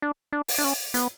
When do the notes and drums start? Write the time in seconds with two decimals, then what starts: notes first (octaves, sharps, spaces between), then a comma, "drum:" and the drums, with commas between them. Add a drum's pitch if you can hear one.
0.02 D4
0.33 D4
0.48 drum: open hi-hat
0.58 D4
0.64 C#4
0.94 B3, drum: hi-hat